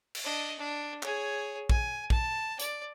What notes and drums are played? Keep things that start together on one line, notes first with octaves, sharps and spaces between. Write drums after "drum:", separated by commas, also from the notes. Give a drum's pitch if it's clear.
drum: cymbal
D4 D#5
D4
G#4 C#5, drum: clap
G#5, drum: kick A#1
A5, drum: kick A#1
D5, drum: hi-hat